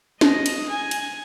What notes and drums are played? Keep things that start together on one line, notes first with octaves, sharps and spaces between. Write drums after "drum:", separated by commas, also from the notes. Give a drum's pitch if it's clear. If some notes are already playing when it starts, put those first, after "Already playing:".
D#5, drum: snare C#4
drum: cymbal
G#5
drum: cymbal